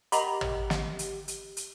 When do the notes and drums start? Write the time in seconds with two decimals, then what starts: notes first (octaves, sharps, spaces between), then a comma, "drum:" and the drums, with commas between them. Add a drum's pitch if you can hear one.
0.12 G4 A#4 D#5 F#5 A#5 B5, drum: hi-hat
0.41 drum: tom
0.70 drum: snare
0.99 drum: hi-hat
1.28 drum: hi-hat
1.57 drum: hi-hat